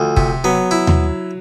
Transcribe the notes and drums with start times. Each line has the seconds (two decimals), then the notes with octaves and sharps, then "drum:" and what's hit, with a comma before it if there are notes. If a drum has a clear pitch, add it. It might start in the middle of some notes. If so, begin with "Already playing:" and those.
Already playing: D2 F3
0.17 C3, drum: kick
0.44 F#3 B3
0.71 E4
0.87 drum: tom D#2